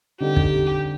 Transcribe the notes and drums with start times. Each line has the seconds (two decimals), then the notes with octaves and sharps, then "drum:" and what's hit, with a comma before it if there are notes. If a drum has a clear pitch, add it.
0.20 D3 G3 C4 D#4 G4 A4
0.36 drum: kick